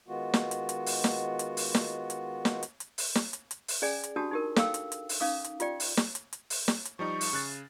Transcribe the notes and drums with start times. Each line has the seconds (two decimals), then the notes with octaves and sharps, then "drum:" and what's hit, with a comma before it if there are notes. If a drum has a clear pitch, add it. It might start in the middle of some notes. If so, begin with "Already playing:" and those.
0.08 D#3 G#3 B3 F4 F#4
0.34 drum: snare
0.51 drum: hi-hat
0.69 drum: hi-hat
0.86 drum: open hi-hat
1.04 drum: snare
1.39 drum: hi-hat
1.57 drum: open hi-hat
1.75 drum: snare
2.10 drum: hi-hat
2.45 drum: snare
2.63 drum: hi-hat
2.80 drum: hi-hat
2.98 drum: open hi-hat
3.15 drum: snare
3.33 drum: hi-hat
3.51 drum: hi-hat
3.68 drum: open hi-hat
3.82 C#4 G#4 D5 G#5
4.04 drum: hi-hat
4.16 D4 F#4 G4 A5 D#6
4.31 D#4 G4 A#4
4.56 A4 F5 G5 E6, drum: snare
4.74 drum: hi-hat
4.92 drum: hi-hat
5.09 drum: open hi-hat
5.20 C#4 D#4 F5 D6 D#6
5.44 drum: hi-hat
5.60 F4 G4 D5 G5, drum: hi-hat
5.80 drum: open hi-hat
5.97 drum: snare
6.15 drum: hi-hat
6.33 drum: hi-hat
6.50 drum: open hi-hat
6.68 drum: snare
6.85 drum: hi-hat
6.99 F3 G3 D#4 C#6
7.21 drum: open hi-hat
7.33 C#3 F#6 A6